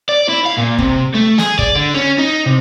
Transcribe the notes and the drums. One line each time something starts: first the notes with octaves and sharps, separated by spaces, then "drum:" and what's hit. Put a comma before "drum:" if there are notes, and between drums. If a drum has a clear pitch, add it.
D5
E4
F5
A#2
C3, drum: kick
A3
G#4, drum: snare
D5, drum: kick
D3
C#4
D#4
C3